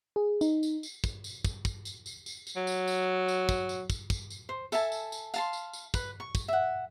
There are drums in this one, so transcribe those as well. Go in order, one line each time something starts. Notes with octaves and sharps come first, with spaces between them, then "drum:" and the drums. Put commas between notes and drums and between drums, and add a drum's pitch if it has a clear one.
G#4
D#4, drum: tambourine
drum: tambourine
drum: tambourine
drum: kick, tambourine
drum: tambourine
drum: kick, tambourine
drum: kick, tambourine
drum: tambourine
drum: tambourine
drum: tambourine
drum: tambourine
F#3
drum: tambourine
drum: tambourine
drum: tambourine
drum: kick, tambourine
drum: tambourine
drum: kick, tambourine
drum: kick, tambourine
drum: tambourine
C5
A4 E5 G#5 A5, drum: tambourine
drum: tambourine
drum: tambourine
F5 A5 C6, drum: tambourine
drum: tambourine
drum: tambourine
B4, drum: kick, tambourine
C#6
drum: kick, tambourine
E5 F#5